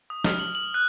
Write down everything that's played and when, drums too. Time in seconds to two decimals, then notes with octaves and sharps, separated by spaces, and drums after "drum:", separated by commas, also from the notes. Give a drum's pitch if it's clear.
0.10 D#6
0.24 F6, drum: snare
0.40 F#7
0.55 F#7
0.74 F#6